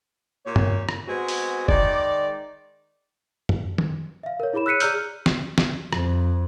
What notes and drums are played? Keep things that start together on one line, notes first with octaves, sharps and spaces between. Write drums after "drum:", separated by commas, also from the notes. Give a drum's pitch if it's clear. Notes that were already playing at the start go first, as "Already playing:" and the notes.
A#2 A#3 G4 C#5
drum: tom G2
drum: rim click
G#3 B3 C4 F#4 G#4
drum: open hi-hat
D#3 G#3 D5, drum: kick
drum: tom
drum: tom D#3
E5 F5
A#4 C#5
E4 G#4 C#5 B5 E7
E6 F#6 B6 C#7 D#7
G#4 D5 A#5 E6 F6 G6, drum: hi-hat
drum: snare
drum: snare
F2, drum: rim click